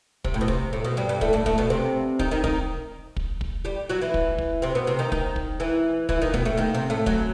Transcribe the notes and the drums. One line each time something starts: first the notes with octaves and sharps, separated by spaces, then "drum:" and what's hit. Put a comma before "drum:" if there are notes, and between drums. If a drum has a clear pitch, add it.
C3, drum: kick
A2
B2
C3, drum: kick
A2
B2
G2 G3
G2 G3
A2 A3, drum: kick
A2 A3
A2 A3, drum: kick
B2 B3
C3 C4
D#3 D#4, drum: kick
D#3 D#4
D#3 D#4, drum: kick
drum: kick
drum: kick
G3 G4
F#3 F#4
E3 E4
drum: kick
drum: kick
C3 C4
B2 B3
C3 C4
D#3 D#4
D#3 D#4, drum: kick
drum: kick
E3 E4
E3 E4, drum: kick
D#3 D#4
B2 B3, drum: kick
A2 A3
D#2 D#3
C3
A2 A3
F#2 F#3, drum: kick